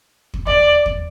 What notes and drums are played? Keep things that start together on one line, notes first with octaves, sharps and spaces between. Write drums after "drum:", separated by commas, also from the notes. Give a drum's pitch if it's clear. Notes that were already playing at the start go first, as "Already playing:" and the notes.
drum: kick
D5, drum: kick
drum: kick